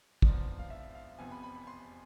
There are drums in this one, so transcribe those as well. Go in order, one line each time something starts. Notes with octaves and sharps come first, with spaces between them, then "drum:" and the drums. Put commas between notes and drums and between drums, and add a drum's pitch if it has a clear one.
G#1 G#2 F3 B3 D4, drum: kick
F5
E5
F5
F1 E2 C3 F3 B3 G#5
B5
B5
B5
C6